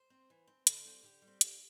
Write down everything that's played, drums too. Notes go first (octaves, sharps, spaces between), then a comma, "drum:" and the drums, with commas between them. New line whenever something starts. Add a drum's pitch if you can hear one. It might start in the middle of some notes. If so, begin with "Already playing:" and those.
Already playing: C5
C4
E3
C4
D3 A4, drum: hi-hat
G3 C4
D3 G4
G3
C4
D3, drum: hi-hat